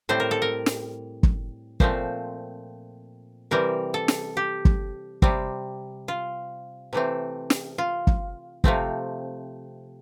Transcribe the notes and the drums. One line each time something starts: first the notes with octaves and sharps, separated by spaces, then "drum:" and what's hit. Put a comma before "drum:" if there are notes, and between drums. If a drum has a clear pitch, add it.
A2 G3 C4 C5
A#4
A4
A#4
drum: snare
drum: kick
A#2 F3 A3 C4 C5, drum: kick
C3 E3 G3 C4 A#4
A4
drum: snare
G4
drum: kick
C3 G3 C4, drum: kick
F4
C3 E3 A3 C4
drum: snare
F4
drum: kick
C3 F3 A3 C4, drum: kick